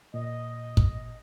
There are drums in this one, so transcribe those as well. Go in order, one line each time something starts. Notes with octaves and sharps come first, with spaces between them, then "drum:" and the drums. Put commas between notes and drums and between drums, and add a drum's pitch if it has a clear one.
A#2 D#5
drum: kick